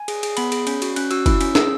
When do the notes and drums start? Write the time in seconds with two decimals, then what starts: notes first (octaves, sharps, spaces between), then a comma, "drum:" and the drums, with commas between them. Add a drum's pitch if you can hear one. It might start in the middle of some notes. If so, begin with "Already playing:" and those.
Already playing: G#5
0.08 G#4, drum: cymbal
0.23 G#4, drum: cymbal
0.37 B3 B5, drum: cymbal
0.52 G#4, drum: cymbal
0.67 C#4, drum: cymbal
0.82 F#4, drum: cymbal
0.96 C#4 F#6, drum: cymbal
1.11 F#4 E6, drum: cymbal
1.26 E4 E6, drum: kick, cymbal
1.41 C#4, drum: cymbal
1.55 G#4 E6, drum: snare